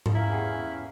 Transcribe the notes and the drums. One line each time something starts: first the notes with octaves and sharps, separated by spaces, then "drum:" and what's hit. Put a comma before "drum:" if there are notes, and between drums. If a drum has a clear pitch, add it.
drum: tom G#2
E2 C#4 E4 F5 A#5
G4 G#4 F#5